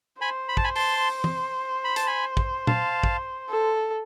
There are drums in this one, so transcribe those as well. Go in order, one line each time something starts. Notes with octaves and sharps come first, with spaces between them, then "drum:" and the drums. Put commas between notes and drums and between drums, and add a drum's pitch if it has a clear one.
C5 G#5 B5
B5
A5, drum: kick
G#5 B5
A5 C6, drum: open hi-hat
drum: tom
B5
A5, drum: hi-hat
G#5 B5
drum: kick
F5 A5, drum: tom A#2
drum: kick
A4